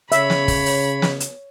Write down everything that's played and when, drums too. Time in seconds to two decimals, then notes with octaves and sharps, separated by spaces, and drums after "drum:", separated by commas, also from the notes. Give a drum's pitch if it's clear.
0.12 C#3 C#5 E5 B5, drum: hi-hat
0.30 drum: snare
0.48 drum: kick, open hi-hat
0.66 drum: open hi-hat
1.02 drum: snare
1.20 drum: hi-hat